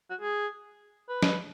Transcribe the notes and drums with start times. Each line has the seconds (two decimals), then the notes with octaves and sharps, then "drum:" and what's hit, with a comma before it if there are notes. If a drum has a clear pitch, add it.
0.10 F#4
0.20 G#4
1.09 B4
1.23 drum: snare